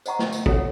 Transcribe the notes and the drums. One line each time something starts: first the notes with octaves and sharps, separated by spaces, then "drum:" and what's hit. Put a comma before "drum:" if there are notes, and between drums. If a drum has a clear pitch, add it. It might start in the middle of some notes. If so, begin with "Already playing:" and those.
C5 D#5 F#5 A#5 C#6, drum: tambourine
drum: snare
drum: tambourine
A4 C#5 F#5, drum: kick